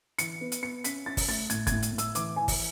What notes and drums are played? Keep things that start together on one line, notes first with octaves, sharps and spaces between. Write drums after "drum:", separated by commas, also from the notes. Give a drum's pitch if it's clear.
E3 C#7, drum: hi-hat
B3
drum: hi-hat
B3 C#7
C#4 B6, drum: hi-hat
C#4 A6
drum: kick G1, open hi-hat
A3 A6
A2 G#6, drum: hi-hat
G#6, drum: kick G1, hi-hat
A2
drum: hi-hat
A2
E6, drum: hi-hat
E3 D6, drum: hi-hat
E3 G#5
drum: kick G1, open hi-hat